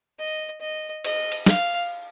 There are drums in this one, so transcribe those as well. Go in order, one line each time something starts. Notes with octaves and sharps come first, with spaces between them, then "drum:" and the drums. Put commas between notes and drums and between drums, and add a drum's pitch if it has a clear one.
D#5
D#5
D#5, drum: cymbal
drum: cymbal
F5, drum: snare